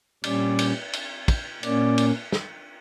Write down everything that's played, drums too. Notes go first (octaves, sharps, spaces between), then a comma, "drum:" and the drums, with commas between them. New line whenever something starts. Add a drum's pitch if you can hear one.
A#2 G3 C#4 D5, drum: cymbal
drum: cymbal
drum: cymbal
drum: kick, cymbal
A#2 A#3 C#4 D5, drum: cymbal
drum: cymbal
drum: snare